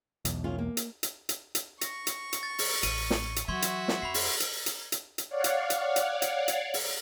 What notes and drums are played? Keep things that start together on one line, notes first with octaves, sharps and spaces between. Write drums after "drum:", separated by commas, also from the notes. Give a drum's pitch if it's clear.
E1 B1 E2, drum: hi-hat
D#3 C#4 F4
A#3
drum: hi-hat
drum: hi-hat
drum: hi-hat
drum: hi-hat
C#6 A#6, drum: hi-hat
drum: hi-hat
drum: hi-hat
A6
drum: open hi-hat
A1 D#7, drum: hi-hat
drum: snare
drum: hi-hat
E3 F#3 F#4 E5 C6 C#6 G#6
drum: hi-hat
drum: snare
F2 B5 C6 C7
drum: open hi-hat
drum: hi-hat
drum: hi-hat
drum: hi-hat
drum: hi-hat
C#5 D5 F5 F#5
drum: hi-hat
drum: hi-hat
drum: hi-hat
drum: hi-hat
drum: hi-hat
drum: open hi-hat